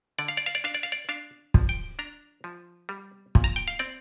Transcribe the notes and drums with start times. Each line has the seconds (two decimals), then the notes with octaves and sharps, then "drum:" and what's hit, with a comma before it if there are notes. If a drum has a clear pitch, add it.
0.19 D3 D5
0.28 F5
0.37 D5
0.46 F5
0.55 D5
0.64 D4 F5
0.75 D5
0.83 F5
0.92 D5
1.09 D4 F5
1.54 F3, drum: kick
1.69 G5
1.99 D4 A#5
2.44 F3
2.89 G3
3.35 A#2, drum: kick
3.44 A#5
3.56 G5
3.68 F5
3.79 C4 D5